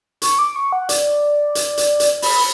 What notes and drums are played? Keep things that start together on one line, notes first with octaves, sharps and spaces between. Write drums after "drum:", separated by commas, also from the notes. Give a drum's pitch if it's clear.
C#6, drum: hi-hat
D6
C#6
F#5
D5, drum: hi-hat
drum: hi-hat
drum: hi-hat
drum: hi-hat
B5, drum: open hi-hat